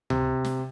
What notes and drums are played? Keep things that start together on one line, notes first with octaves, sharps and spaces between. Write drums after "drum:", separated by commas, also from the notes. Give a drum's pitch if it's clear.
C3, drum: tom C#2
drum: snare